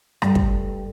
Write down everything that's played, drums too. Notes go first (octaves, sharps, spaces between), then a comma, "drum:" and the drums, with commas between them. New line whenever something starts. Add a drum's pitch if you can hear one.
G2 A3, drum: rim click
drum: kick